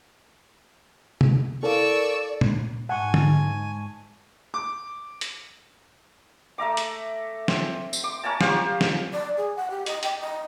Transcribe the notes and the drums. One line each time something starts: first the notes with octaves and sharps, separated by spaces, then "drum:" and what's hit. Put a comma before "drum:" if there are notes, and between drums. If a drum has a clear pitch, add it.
drum: tom C3
E4 A4 A#4 D5 F5 C#6 E6
drum: tom A#2
G#2 F#5 G#5 A5 C#6 D#7
drum: tom D3
D6
drum: hi-hat
A3 E5 A#5 D6
drum: hi-hat
C4, drum: snare
drum: tambourine
D6
A#4 C#5 G#5 A5
G4 C5 F5, drum: snare
drum: snare
D5
G#4
F#5
G4
D#5, drum: hi-hat
G5, drum: hi-hat
D#5